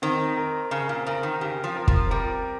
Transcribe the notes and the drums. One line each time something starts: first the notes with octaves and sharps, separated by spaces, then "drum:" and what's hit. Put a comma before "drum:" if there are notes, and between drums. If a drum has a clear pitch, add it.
D#3 C4
A#4
C#3 A#4
A#2
C#3 A#4
D#3
C#3 G4
F3
A#4
F3, drum: kick
G3 A#4